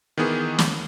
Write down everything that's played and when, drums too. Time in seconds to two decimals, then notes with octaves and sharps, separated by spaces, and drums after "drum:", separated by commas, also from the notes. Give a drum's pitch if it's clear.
0.17 D#3 E3 B3 G#4
0.59 drum: snare